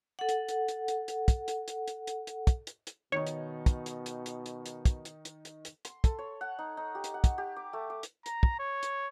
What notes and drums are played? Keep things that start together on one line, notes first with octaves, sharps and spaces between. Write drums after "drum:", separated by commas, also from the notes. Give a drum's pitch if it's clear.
A4 F#5
drum: hi-hat
drum: hi-hat
drum: hi-hat
drum: hi-hat
drum: hi-hat
drum: kick, hi-hat
drum: hi-hat
drum: hi-hat
drum: hi-hat
drum: hi-hat
drum: hi-hat
drum: kick, hi-hat
drum: hi-hat
drum: hi-hat
B2 D#3 D#4 C#5
drum: hi-hat
drum: kick, hi-hat
drum: hi-hat
drum: hi-hat
drum: hi-hat
drum: hi-hat
drum: hi-hat
drum: kick, hi-hat
drum: hi-hat
drum: hi-hat
drum: hi-hat
drum: hi-hat
C6, drum: hi-hat
A4, drum: kick, hi-hat
C#5
F#5
D#4
D#4
G4
drum: hi-hat
F#5
drum: kick, hi-hat
G4
D6
A3
D6
drum: hi-hat
A#5, drum: hi-hat
drum: kick
C#5
drum: hi-hat